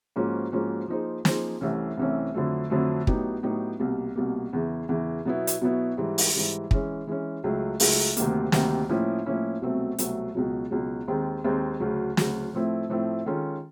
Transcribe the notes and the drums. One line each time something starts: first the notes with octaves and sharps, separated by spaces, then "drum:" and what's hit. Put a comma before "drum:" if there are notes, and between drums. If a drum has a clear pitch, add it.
G#2 F3 A#3 C#4 F#4
G#2 F3 A#3 C#4 F#4
F3 A#3 D#4 G#4 C5
F3 A#3 D#4 G#4 C5, drum: snare
C2 C3 E3 A3 C#4
C2 C3 E3 A3 C#4
F2 D3 F#3 A3
F2 D3 F#3 A3
A2 F#3 B3 D#4 G4, drum: kick
A2 F#3 B3 D#4 G4
C2 B2 G3 A#3
C2 B2 G3 A#3
E2 C#3 E3
E2 C#3 E3
B2 F#3 B3 E4
drum: hi-hat
B2 F#3 B3 E4
G#2 E3 G3
drum: open hi-hat
G#2 E3 G3
E3 G#3 C#4, drum: kick
E3 G#3 C#4
C#2 C#3 F#3 A3
C#2 C#3 F#3 A3, drum: open hi-hat
D2 C3 D#3 G3 A#3, drum: hi-hat
D2 C3 D#3 G3 A#3, drum: snare
A2 F3 A#3 C#4 E4
A2 F3 A#3 C#4 E4
C2 B2 F#3 A3 C4
C2 B2 F#3 A3 C4, drum: hi-hat
C#2 B2 F#3
C#2 B2 F#3
D#2 D#3 G#3 C4
D#2 D#3 G#3 C4
D2 C#3 F#3
D2 C#3 F#3, drum: snare
A2 F3 A3 C4 E4
A2 F3 A3 C4 E4
D#3 G#3 C#4 F4 A4